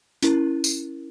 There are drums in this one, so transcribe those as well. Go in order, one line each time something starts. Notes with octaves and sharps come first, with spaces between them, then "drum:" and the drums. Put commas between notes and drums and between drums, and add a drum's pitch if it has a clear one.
C#4 E4 A#4, drum: hi-hat
drum: tambourine